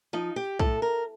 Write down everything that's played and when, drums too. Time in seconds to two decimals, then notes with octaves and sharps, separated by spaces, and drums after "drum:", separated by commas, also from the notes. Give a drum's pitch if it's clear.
0.13 F3 D#4
0.36 G4
0.59 A2 A4, drum: kick
0.82 A#4